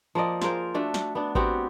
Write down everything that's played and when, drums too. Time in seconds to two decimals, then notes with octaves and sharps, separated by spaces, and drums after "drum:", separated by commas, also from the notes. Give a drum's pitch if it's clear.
0.15 F3 A#3 D5 D#5
0.42 F4 G#4 A#4 C5, drum: snare
0.74 A3 D4 F#4
0.94 drum: snare
1.15 B3 D4
1.35 B3 C4 F#4 G4, drum: kick G#1